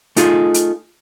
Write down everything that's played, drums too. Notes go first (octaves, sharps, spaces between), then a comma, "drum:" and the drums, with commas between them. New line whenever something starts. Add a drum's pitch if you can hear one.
A3 D#4 F4 G#4, drum: hi-hat
drum: hi-hat